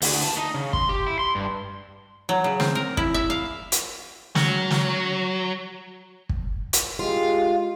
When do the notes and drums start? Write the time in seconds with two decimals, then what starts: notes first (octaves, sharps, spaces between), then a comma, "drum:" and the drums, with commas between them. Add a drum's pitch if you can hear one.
0.02 D2, drum: open hi-hat
0.24 A5
0.37 D#4
0.54 C#3
0.73 C6, drum: kick
0.89 G4
1.07 E4
1.19 C6
1.35 G2
2.29 F#3
2.44 C#3
2.60 C4, drum: snare
2.75 A#4
2.97 E4, drum: kick
3.14 E5
3.30 F5
3.72 drum: hi-hat
4.35 F#3, drum: snare
4.71 drum: snare
6.29 drum: kick
6.73 drum: hi-hat
6.99 G#3 F4 G4